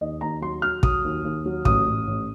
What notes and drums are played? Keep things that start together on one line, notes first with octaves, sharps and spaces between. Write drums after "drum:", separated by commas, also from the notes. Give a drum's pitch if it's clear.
D#2 D#5
D#2 A#5
F#3 C6
F#3 F6
F#3 D#6, drum: kick
D#2
D#2
F#3
A1 D#6, drum: kick
A1
A1